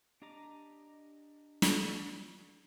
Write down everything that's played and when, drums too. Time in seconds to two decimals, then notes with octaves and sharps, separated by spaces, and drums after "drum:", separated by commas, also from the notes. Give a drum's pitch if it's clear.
0.22 D4 G4 D#5 A#5 D6
1.62 drum: snare